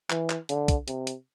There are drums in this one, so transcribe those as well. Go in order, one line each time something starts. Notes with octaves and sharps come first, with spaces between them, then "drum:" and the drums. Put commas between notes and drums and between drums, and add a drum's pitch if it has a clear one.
E3, drum: clap
drum: clap
D3, drum: hi-hat
drum: kick, hi-hat
C3, drum: hi-hat
drum: hi-hat